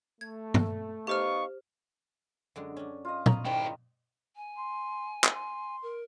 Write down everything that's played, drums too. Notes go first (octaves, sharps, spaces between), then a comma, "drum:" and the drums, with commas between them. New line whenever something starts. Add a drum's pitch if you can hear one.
A3 G#6
drum: tom G2
B3 D#4 G4 C5 F5 C#6 F6
F#2 D3 G#3
C#4 D4
F4 D#5
A#5 B5 C#6 D#6, drum: tom A#2
G#2 D#3 G3 E4 G5
G#5
C6
drum: clap
C6
A#4